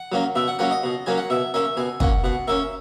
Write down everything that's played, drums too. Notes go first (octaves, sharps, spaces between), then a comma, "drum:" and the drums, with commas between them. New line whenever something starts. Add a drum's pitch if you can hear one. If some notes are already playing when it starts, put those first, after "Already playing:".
Already playing: F#5
F#3 A#3 C#4
B2 E5
F#5
F#3 A#3 C#4 F#5
D#5
B2
F#3 A#3 C#4 G#5
F#5
B2 E5
A#3 C#4 E5
B2 G#5
A#3 C#4 F#5, drum: kick
B2 F#5
A#3 C#4 E5